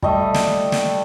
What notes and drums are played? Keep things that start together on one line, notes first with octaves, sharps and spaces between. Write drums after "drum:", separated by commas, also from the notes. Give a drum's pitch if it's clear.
G3 A3 D#5 E5, drum: kick
drum: snare
drum: snare